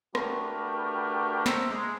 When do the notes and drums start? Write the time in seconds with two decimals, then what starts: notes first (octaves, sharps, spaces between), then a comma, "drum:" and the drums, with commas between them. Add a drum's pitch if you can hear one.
0.15 A3 D4 F#4 G4 A#4 B4, drum: rim click
1.46 C5 E5 A#5, drum: snare
1.70 G#3